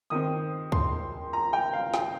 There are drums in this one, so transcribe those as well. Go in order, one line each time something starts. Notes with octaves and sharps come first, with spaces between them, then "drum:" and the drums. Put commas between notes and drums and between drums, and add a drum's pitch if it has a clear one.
D#3 C4 D#6
C6, drum: kick
A#5
G5
F5
G5, drum: snare